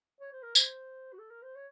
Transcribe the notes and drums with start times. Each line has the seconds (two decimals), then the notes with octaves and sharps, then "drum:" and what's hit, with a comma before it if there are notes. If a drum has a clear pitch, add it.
0.20 C#5
0.32 C5
0.43 A#4
0.55 C5, drum: tambourine
1.13 F#4
1.18 A4
1.31 A#4
1.42 C5
1.56 C#5